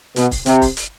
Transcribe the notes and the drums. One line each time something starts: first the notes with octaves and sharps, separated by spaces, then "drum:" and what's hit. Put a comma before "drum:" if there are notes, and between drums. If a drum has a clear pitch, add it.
B2, drum: hi-hat
drum: kick C#1, open hi-hat
C3, drum: hi-hat
drum: kick C#1, open hi-hat
drum: hi-hat